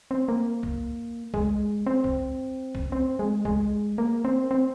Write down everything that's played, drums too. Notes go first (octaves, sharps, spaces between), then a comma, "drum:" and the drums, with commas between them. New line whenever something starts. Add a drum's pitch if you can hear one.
C4
A#3
drum: kick
G#3, drum: kick
C4
drum: kick
drum: kick
C4
G#3
G#3, drum: kick
A#3
C4
C4